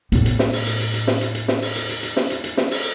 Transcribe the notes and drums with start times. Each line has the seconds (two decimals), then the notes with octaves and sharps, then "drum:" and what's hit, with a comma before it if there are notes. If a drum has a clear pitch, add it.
0.12 A2 B3, drum: hi-hat
0.26 drum: hi-hat
0.39 drum: snare
0.53 drum: open hi-hat
0.67 drum: hi-hat
0.80 drum: hi-hat
0.94 drum: hi-hat
1.07 drum: snare
1.21 drum: hi-hat
1.35 drum: hi-hat
1.48 drum: snare
1.62 drum: open hi-hat
1.76 drum: hi-hat
1.89 drum: hi-hat
2.03 drum: hi-hat
2.17 drum: snare
2.30 drum: hi-hat
2.44 drum: hi-hat
2.57 drum: snare
2.71 drum: open hi-hat